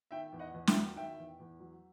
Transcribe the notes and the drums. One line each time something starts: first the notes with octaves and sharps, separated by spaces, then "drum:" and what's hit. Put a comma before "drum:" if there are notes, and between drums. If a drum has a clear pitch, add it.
D#3 E5 G5
E2
D#5 F#5
E2
E5 G5, drum: snare
F#3
D#3 E5 G5
E2
E2
F#3